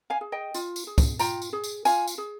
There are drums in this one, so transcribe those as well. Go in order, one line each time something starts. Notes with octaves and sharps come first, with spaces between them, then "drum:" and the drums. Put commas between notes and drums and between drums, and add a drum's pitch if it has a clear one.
F5 G#5
G#4
D#5 G5
F4, drum: tambourine
drum: tambourine
G#4
drum: kick, tambourine
F4 G5 A#5, drum: tambourine
drum: tambourine
G#4
drum: tambourine
F4 F5 G#5, drum: tambourine
drum: tambourine
G#4